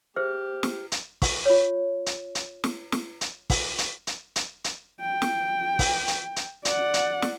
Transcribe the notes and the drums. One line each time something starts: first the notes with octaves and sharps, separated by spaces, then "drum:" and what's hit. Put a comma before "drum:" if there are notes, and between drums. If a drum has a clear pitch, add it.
G4 G#4 C5 E5 F6
drum: snare
drum: hi-hat
C#6, drum: kick, open hi-hat
F4 C#5
drum: hi-hat
drum: hi-hat
drum: snare
drum: snare
drum: hi-hat
drum: kick, open hi-hat
drum: hi-hat
drum: hi-hat
drum: hi-hat
drum: hi-hat
G5
drum: snare
drum: kick, open hi-hat
drum: hi-hat
drum: hi-hat
D5 F#5, drum: hi-hat
drum: hi-hat
drum: snare